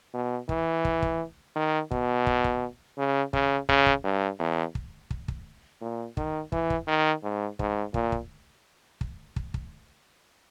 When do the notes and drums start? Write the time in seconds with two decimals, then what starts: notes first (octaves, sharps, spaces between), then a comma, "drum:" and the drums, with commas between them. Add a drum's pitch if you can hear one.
0.14 B2
0.49 E3, drum: kick
0.85 drum: kick
1.02 drum: kick
1.56 D#3
1.91 B2, drum: kick
2.27 drum: kick
2.44 drum: kick
2.98 C#3
3.33 C#3, drum: kick
3.69 C#3, drum: kick
3.86 drum: kick
4.04 G2
4.40 E2
4.75 drum: kick
5.11 drum: kick
5.28 drum: kick
5.82 A#2
6.17 D#3, drum: kick
6.52 E3, drum: kick
6.70 drum: kick
6.88 D#3
7.23 G#2
7.59 G#2, drum: kick
7.94 A#2, drum: kick
8.12 drum: kick
9.01 drum: kick
9.36 drum: kick
9.54 drum: kick